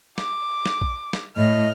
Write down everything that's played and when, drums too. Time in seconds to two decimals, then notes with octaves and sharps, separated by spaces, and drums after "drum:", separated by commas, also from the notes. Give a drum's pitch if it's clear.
0.18 D6, drum: snare
0.66 drum: snare
0.81 drum: kick A#1
1.13 drum: snare
1.37 A2 D#5 F6